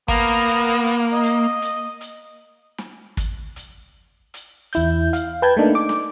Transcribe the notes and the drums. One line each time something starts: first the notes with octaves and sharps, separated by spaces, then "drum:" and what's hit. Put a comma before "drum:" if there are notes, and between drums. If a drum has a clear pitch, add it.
A#3 B3, drum: kick, hi-hat
drum: hi-hat
drum: hi-hat
D#5
drum: hi-hat
drum: hi-hat
drum: hi-hat
drum: snare
drum: kick, hi-hat
drum: hi-hat
drum: hi-hat
E2 E4 G6, drum: hi-hat
F5, drum: hi-hat
B4 G5 A5 G6 G#6
A3 A#3 D4 D#4
D6
drum: snare